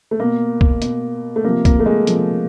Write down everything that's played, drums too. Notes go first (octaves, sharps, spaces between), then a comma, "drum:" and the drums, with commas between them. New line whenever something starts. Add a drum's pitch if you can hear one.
A3
B2 A#3
drum: kick
B2, drum: hi-hat
A3
C3 F3 A#3
A#3, drum: kick, hi-hat
A3
G#3
C3 F3, drum: hi-hat